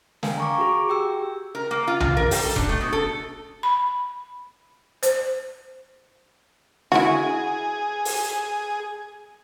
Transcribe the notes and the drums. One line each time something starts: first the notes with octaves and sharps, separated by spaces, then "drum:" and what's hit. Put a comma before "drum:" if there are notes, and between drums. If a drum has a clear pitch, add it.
A#4 F5 G5 G#5, drum: snare
A#5 C#6 D6
F#4 G#4
G4 G5 E6
A#4
A#3
F4
F4, drum: tom B1
A#4
G3, drum: open hi-hat
A4
D4, drum: kick E1
A3
B2
A4
B5
C5, drum: hi-hat
E4 F#4 G#4, drum: snare
drum: open hi-hat